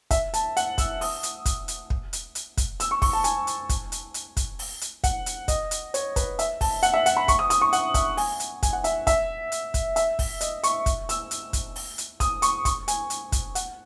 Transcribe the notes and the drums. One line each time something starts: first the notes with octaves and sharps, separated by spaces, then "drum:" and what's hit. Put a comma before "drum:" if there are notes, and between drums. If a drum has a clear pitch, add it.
E5, drum: kick, hi-hat
A5, drum: hi-hat
F#5, drum: hi-hat
E6, drum: kick, hi-hat
D#6, drum: open hi-hat
drum: hi-hat
drum: kick, hi-hat
drum: hi-hat
drum: kick
drum: hi-hat
drum: hi-hat
drum: kick, hi-hat
E6, drum: hi-hat
C#6
C#6, drum: kick, open hi-hat
A5
G#5, drum: hi-hat
drum: hi-hat
drum: kick, hi-hat
drum: hi-hat
drum: hi-hat
drum: kick, hi-hat
drum: open hi-hat
drum: hi-hat
F#5, drum: kick, hi-hat
drum: hi-hat
D#5, drum: kick, hi-hat
drum: hi-hat
C#5, drum: hi-hat
B4, drum: kick, hi-hat
E5, drum: hi-hat
A5, drum: kick, open hi-hat
F#5, drum: hi-hat
E5
F#5, drum: hi-hat
B5
C#6, drum: kick, hi-hat
D#6
D#6, drum: hi-hat
C#6
F#5, drum: hi-hat
E5, drum: kick, hi-hat
G#5, drum: open hi-hat
drum: hi-hat
G#5, drum: kick, hi-hat
F#5
E5, drum: hi-hat
E5, drum: kick, hi-hat
drum: hi-hat
drum: kick, hi-hat
E5, drum: hi-hat
drum: kick, open hi-hat
D#5, drum: hi-hat
C#6, drum: hi-hat
drum: kick, hi-hat
E6, drum: hi-hat
drum: hi-hat
drum: kick, hi-hat
drum: open hi-hat
drum: hi-hat
D#6, drum: kick, hi-hat
C#6, drum: hi-hat
C#6, drum: kick, hi-hat
G#5, drum: hi-hat
drum: hi-hat
drum: kick, hi-hat
F#5, drum: hi-hat